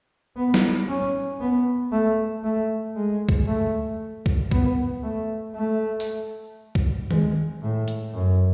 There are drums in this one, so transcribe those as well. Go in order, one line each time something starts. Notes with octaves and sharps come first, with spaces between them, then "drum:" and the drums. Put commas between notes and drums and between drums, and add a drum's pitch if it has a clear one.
B3
drum: snare
C#4
B3
A3
A3
G#3
drum: kick C#2
A3
drum: kick C#2
B3, drum: kick C#2
A3
A3
drum: open hi-hat
drum: kick C#2
G#3, drum: tom D#3
A2
drum: hi-hat
F#2